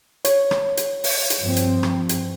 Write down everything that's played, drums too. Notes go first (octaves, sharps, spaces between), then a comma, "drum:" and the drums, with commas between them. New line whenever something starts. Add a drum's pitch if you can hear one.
C#5, drum: hi-hat
drum: rim click
drum: hi-hat
drum: open hi-hat
drum: hi-hat
G2 F3 C4
drum: hi-hat
drum: rim click
drum: hi-hat